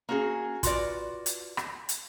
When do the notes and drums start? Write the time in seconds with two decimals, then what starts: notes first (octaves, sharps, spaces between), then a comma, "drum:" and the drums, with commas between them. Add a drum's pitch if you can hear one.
0.09 A#3 C#4 F#4 G#4
0.63 F4 F#4 B4 D5, drum: kick, hi-hat
1.26 drum: hi-hat
1.57 drum: rim click
1.89 drum: hi-hat